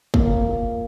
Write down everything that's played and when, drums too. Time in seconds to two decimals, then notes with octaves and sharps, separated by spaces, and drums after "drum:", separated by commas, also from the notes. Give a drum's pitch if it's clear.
0.14 A#3, drum: kick